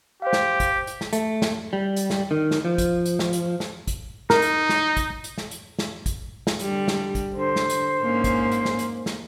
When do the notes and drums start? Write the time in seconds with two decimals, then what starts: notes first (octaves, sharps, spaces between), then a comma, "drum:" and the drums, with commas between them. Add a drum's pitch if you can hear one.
0.22 G4 C5 F5
0.33 drum: snare
0.60 drum: kick, hi-hat
0.87 drum: hi-hat
1.01 drum: snare
1.13 A3, drum: hi-hat
1.42 drum: snare
1.73 G3
1.96 drum: hi-hat
2.10 drum: snare
2.31 D#3
2.51 drum: snare
2.65 F3
2.78 drum: kick, hi-hat
3.06 drum: hi-hat
3.19 drum: snare
3.33 drum: hi-hat
3.60 drum: snare
3.87 drum: kick, hi-hat
4.30 D#4 A#4, drum: snare
4.42 drum: hi-hat
4.69 drum: snare
4.97 drum: kick, hi-hat
5.24 drum: hi-hat
5.38 drum: snare
5.51 drum: hi-hat
5.79 drum: snare
6.06 drum: kick, hi-hat
6.47 drum: snare
6.59 D3 G3, drum: hi-hat
6.88 drum: snare
7.15 drum: kick, hi-hat
7.34 D3 C5
7.56 drum: snare
7.70 drum: hi-hat
8.00 G#2 A#3 C#4
8.24 drum: kick, hi-hat
8.51 drum: hi-hat
8.65 drum: snare
8.79 drum: hi-hat
9.06 drum: snare